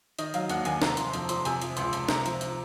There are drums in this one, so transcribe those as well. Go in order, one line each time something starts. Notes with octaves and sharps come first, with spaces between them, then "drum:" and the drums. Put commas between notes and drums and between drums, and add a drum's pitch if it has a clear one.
D#3 D#5, drum: hi-hat
F#3 F5, drum: hi-hat
D#2 F#5, drum: hi-hat
D#2 G#5, drum: hi-hat
C3 A#5, drum: snare
F3 C6, drum: hi-hat
F2, drum: hi-hat
F2 C6, drum: hi-hat
C3 G#5, drum: hi-hat
F3, drum: hi-hat
C#2 C6, drum: hi-hat
C#2, drum: hi-hat
C3 A#5, drum: snare
F3, drum: hi-hat
drum: hi-hat